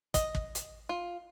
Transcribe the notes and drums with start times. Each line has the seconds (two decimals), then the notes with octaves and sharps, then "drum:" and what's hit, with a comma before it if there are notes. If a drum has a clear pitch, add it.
0.14 D#5, drum: kick, hi-hat
0.35 drum: kick
0.55 drum: hi-hat
0.89 F4